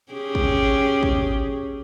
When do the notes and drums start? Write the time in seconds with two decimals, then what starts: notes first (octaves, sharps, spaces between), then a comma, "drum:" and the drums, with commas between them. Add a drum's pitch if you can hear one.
0.12 C#4 G4 G#4
0.35 drum: kick
1.03 drum: kick